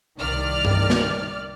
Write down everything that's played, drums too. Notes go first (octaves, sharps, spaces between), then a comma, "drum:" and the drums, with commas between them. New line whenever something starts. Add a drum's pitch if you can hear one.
C2 D#3 D5 F6
drum: tom G2
drum: snare